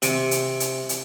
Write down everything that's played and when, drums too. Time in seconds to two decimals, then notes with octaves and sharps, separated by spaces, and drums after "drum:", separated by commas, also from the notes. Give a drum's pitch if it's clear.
0.02 C3, drum: hi-hat
0.31 drum: hi-hat
0.60 drum: hi-hat
0.89 drum: hi-hat